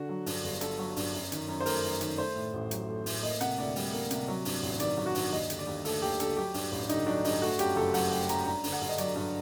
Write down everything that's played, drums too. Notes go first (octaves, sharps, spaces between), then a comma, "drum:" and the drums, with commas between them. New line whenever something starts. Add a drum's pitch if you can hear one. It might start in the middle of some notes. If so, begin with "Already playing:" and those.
Already playing: D3 F#4
F#3
G2, drum: open hi-hat
G1
D3 A4, drum: hi-hat
F#3
G2, drum: open hi-hat
F#2
D#3, drum: hi-hat
F#2
C5
A3 A#4, drum: open hi-hat
F#2
D#3, drum: hi-hat
A3 C5
A2
A1
F#3, drum: hi-hat
A3
A2, drum: open hi-hat
A#3 D#5
C3 F#5, drum: hi-hat
D2 D5
G3, drum: open hi-hat
A#3
C3, drum: hi-hat
F#3
G2, drum: open hi-hat
A1
D#3 D5, drum: hi-hat
F#3
F#4
G2, drum: open hi-hat
D#2 D#5
D3, drum: hi-hat
D5
D#2
A3 A4, drum: open hi-hat
D#2 G4
D3 A4, drum: hi-hat
F#3 G4
G2, drum: open hi-hat
A1
D3 D#4, drum: hi-hat
F#3 D4
G2 D#4, drum: open hi-hat
A3 F#4
F#2 G4, drum: hi-hat
F#1 A4
F#3 F#5, drum: open hi-hat
A3 G5
F#2 A#5, drum: hi-hat
G2 A#5
D3, drum: open hi-hat
F#5
G2
D#5
F#3 D5, drum: hi-hat
G2